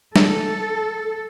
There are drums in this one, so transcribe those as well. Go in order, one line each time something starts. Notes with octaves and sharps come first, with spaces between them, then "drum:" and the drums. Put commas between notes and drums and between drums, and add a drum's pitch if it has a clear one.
A4, drum: snare